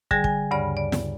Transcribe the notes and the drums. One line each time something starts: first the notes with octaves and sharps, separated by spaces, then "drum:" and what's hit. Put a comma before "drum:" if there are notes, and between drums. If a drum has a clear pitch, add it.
D3 G3 G#4 G#5 A#6, drum: kick
G#5, drum: kick
D2 G2 C#3 D5 B5
D5
drum: snare